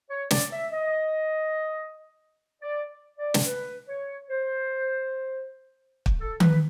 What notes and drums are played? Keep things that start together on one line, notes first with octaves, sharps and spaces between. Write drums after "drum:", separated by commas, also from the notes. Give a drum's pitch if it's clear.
C#5
D5, drum: snare
E5
D#5
D5
D5
drum: snare
B4
C#5
C5
drum: kick
A4
B4, drum: tom D#3